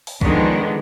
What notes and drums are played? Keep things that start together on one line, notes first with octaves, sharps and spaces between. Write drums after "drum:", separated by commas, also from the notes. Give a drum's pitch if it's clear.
drum: open hi-hat
D3 D#3 F3 G#3 B3, drum: kick